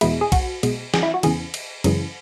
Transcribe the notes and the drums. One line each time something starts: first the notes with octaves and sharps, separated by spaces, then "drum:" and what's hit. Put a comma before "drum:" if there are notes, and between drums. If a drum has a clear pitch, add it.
E2 B2 G#3 E4, drum: cymbal
G#4
F#4, drum: kick, cymbal
B1 B2 G#3, drum: cymbal
G#4, drum: snare
E4
F#4
E2 C#3 E3 G#4, drum: cymbal
drum: cymbal
F#2 C#3 E3 G#3, drum: cymbal